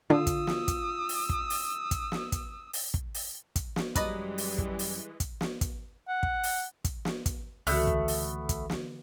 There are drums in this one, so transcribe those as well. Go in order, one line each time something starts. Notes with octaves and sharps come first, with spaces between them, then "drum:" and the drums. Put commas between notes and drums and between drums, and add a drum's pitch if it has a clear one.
D3 F4 D#6 E6
drum: kick, hi-hat
drum: snare
drum: kick, hi-hat
drum: open hi-hat
drum: kick
drum: open hi-hat
drum: kick, hi-hat
drum: snare
drum: kick, hi-hat
drum: open hi-hat
drum: kick
drum: open hi-hat
drum: kick, hi-hat
drum: snare
F#2 E3 G3 G#3 B4 D5 D#5 A#5, drum: kick, hi-hat
drum: open hi-hat
drum: kick
drum: open hi-hat
drum: kick, hi-hat
drum: snare
drum: kick, hi-hat
F#5
drum: kick
drum: open hi-hat
drum: kick, hi-hat
drum: snare
drum: kick, hi-hat
C#2 D3 E3 A3 B3 F#4, drum: open hi-hat
drum: kick
drum: open hi-hat
drum: kick, hi-hat
drum: snare